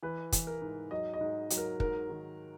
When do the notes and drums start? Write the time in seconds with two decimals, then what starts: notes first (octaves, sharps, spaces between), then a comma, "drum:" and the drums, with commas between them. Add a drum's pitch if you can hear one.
0.03 E3 B4
0.32 E3, drum: kick, hi-hat
0.47 A#4
0.62 G#2
0.91 F#3 D#5
1.14 D#5
1.21 G#2
1.50 F#3, drum: hi-hat
1.57 A#4
1.80 G#2 A#4, drum: kick
2.10 D#3